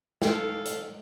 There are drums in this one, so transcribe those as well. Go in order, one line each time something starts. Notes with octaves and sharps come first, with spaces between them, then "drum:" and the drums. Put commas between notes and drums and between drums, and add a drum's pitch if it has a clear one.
A4 F5, drum: snare
drum: hi-hat